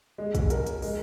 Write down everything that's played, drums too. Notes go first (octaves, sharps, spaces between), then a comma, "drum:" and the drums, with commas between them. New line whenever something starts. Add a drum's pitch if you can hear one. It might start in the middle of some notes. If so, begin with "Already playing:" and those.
G#3
drum: kick, hi-hat
A#4, drum: hi-hat
drum: hi-hat
G#3, drum: open hi-hat